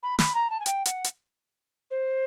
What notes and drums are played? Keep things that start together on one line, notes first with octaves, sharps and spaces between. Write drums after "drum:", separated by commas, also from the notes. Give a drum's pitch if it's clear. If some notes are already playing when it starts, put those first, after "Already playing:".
B5
B5, drum: snare
A#5
A5
G#5
G5, drum: hi-hat
F#5, drum: hi-hat
drum: hi-hat
C5